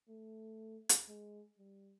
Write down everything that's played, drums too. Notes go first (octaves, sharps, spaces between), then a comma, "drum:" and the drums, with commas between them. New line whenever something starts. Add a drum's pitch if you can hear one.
A3
drum: hi-hat
G#3
G3